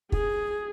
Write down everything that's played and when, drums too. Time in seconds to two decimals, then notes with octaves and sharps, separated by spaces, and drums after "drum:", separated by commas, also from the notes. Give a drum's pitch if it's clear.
0.12 G#4, drum: kick